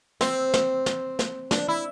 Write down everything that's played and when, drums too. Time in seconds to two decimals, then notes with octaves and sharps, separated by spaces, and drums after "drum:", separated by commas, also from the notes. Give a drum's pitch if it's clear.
0.21 C4, drum: snare
0.54 drum: snare
0.86 drum: snare
1.19 drum: snare
1.51 D4, drum: snare
1.68 E4